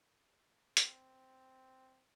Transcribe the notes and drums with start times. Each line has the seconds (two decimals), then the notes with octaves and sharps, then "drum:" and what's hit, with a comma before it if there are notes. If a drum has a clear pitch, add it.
0.77 C4, drum: hi-hat